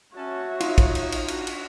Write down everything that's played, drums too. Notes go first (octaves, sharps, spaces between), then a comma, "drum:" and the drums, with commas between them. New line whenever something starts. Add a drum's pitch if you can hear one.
C#4 F#4 C#5 E5 A5
D#4 F4, drum: cymbal
drum: kick, cymbal
drum: cymbal
drum: cymbal
D4 F#4, drum: cymbal
drum: cymbal